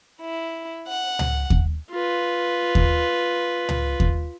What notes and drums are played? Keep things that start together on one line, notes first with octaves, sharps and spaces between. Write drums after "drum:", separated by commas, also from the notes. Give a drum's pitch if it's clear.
E4
F#5
drum: tom C#2
drum: kick D#2
F4 B4
drum: kick D#2
drum: tom C#2
drum: kick D#2